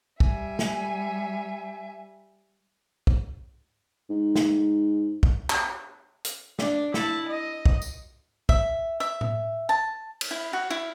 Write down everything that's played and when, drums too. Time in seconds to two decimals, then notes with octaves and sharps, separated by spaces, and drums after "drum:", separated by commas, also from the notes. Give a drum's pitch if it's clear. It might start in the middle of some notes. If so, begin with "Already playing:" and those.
0.20 G3 E5 G#5, drum: kick
0.59 drum: snare
3.07 drum: kick
4.09 G#2
4.36 drum: snare
5.23 drum: kick
5.50 drum: clap
6.25 drum: hi-hat
6.59 D4, drum: snare
6.94 E4 A5, drum: snare
7.28 D#5
7.66 drum: kick
7.82 drum: tambourine
8.49 E5, drum: kick
9.00 E5
9.21 drum: tom A2
9.69 A5
10.21 drum: cymbal
10.31 E4
10.53 F#4
10.70 E4